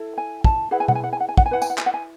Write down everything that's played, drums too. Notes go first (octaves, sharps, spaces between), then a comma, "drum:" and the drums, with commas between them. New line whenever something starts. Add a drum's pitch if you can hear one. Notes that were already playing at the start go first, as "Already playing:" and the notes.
Already playing: E4 A4
G#5
A5, drum: kick
E4 G#4 B4 F#5
G#5
F#5, drum: tom
G#5
F#5
G#5
F#5
G#5
F#5, drum: kick
G#5
E4 B4 F#5
G#5, drum: tambourine
F#5
G#5, drum: clap
F#5
G#5